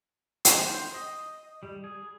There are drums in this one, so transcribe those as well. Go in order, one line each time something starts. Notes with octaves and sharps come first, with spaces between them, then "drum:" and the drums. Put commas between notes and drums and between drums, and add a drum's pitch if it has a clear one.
drum: hi-hat
C5
D#5
G3
G#4